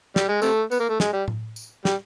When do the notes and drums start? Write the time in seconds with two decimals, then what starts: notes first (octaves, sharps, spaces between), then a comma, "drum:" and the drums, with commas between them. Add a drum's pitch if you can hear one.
0.16 G3, drum: snare
0.29 G#3
0.42 C3 A3, drum: tambourine
0.71 B3, drum: tambourine
0.80 A#3
0.89 A3
1.00 G#3, drum: snare
1.13 G3
1.28 drum: tom A2
1.56 drum: tambourine
1.85 G3, drum: snare